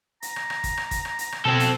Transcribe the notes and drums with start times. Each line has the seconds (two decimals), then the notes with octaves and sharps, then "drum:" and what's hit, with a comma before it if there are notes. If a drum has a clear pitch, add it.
0.22 A#5, drum: hi-hat
0.36 drum: rim click
0.50 drum: rim click
0.64 drum: kick, hi-hat
0.77 drum: rim click
0.91 drum: kick, hi-hat
1.05 drum: rim click
1.19 drum: hi-hat
1.32 drum: rim click
1.45 B2 C4 A4
1.60 drum: hi-hat